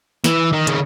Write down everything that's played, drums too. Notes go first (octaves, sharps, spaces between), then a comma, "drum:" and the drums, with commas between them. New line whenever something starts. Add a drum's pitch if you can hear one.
E3, drum: snare
D#3
C#3, drum: hi-hat